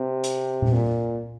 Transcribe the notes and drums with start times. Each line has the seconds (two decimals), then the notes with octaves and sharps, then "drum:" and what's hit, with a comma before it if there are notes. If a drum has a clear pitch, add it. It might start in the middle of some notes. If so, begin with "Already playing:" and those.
Already playing: C3
0.24 drum: hi-hat
0.62 drum: tom A#2
0.73 A#2